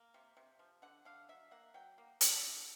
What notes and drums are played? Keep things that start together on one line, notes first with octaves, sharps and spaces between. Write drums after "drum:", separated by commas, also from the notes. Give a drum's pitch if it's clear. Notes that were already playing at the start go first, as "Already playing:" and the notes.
Already playing: A#3
C3
C3
F3
D3 F#5
D3 F5
F#3 E5
A#3 F#5
F#3 G5
A#3
D3, drum: hi-hat
D3